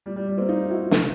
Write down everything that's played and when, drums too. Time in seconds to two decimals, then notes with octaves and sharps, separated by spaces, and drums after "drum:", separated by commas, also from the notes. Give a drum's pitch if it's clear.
0.06 A#2 F3 G3
0.16 G3
0.28 G3
0.38 A#3 C4
0.49 D#4 F4
0.70 E4 F#4
0.91 C3 E3, drum: snare